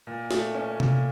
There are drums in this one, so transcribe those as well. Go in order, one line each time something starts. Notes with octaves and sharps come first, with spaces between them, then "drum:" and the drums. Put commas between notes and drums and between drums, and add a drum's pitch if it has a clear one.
A#2
A3, drum: snare
C#4
A#2, drum: tom C3